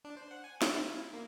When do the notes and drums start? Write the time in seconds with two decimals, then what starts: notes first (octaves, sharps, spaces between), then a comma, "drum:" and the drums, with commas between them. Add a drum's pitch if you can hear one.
0.05 D4
0.17 C5
0.31 F#5
0.44 G#5
0.62 F5, drum: snare
0.75 E4
1.13 A#3